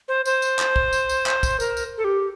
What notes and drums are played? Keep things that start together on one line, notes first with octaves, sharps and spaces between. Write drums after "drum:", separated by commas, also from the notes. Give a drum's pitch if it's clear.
C5
C5, drum: tambourine
drum: tambourine
drum: clap
drum: kick
drum: tambourine
drum: tambourine
drum: clap
drum: kick, tambourine
A#4, drum: tambourine
drum: tambourine
A4
G4